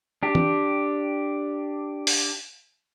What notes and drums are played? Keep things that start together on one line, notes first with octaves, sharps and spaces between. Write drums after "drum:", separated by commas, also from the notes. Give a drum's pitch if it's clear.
D4 G4
drum: tom
drum: open hi-hat